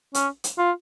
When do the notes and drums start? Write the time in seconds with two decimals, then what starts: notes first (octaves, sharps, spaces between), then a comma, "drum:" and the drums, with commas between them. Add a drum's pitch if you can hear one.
0.14 C#4, drum: hi-hat
0.44 drum: hi-hat
0.58 F4